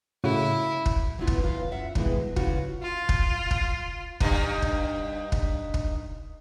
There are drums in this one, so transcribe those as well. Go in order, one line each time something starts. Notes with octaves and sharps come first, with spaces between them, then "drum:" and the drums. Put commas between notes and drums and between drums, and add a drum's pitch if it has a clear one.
A2 C#3 E4 F#4
drum: kick
E3 F#3 G3 B3 E4 F4
drum: kick
D#3 E3 F#3 F4 B4 F5
F#2 E5 F#5
G2 B2 D#3 E3 G#3, drum: kick
F#3
C#3 E3 F4 F#4, drum: kick
F4
drum: kick
drum: kick
G2 D#3, drum: kick
drum: kick
drum: kick
drum: kick